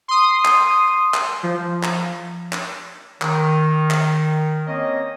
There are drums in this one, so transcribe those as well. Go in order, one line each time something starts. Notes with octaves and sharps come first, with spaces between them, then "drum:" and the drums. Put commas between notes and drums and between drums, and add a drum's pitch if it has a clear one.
C6 D#6
drum: clap
drum: clap
F3
drum: clap
drum: clap
D#3, drum: clap
drum: clap
A#3 C4 C#4 C#5 D#5